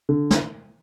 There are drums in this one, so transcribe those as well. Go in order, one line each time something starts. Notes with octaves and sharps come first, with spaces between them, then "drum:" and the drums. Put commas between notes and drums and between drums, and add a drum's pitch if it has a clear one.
D3
drum: snare